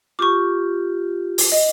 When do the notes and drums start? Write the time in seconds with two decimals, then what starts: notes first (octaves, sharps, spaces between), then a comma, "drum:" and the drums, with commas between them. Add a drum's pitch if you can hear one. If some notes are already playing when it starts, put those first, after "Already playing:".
0.19 F4 G4 C#6 D6
1.38 drum: open hi-hat
1.52 D#5